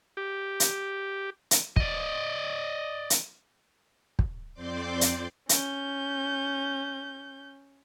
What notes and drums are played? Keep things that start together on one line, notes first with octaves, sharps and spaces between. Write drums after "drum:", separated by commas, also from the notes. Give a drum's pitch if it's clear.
G4
drum: hi-hat
drum: hi-hat
D5 D#5, drum: kick
drum: hi-hat
drum: kick
F2 C4 D5 C6 D6 G6
drum: hi-hat
C#4 G6, drum: hi-hat